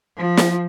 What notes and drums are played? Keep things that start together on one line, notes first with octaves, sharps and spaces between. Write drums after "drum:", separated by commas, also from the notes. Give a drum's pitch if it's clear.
F3
drum: snare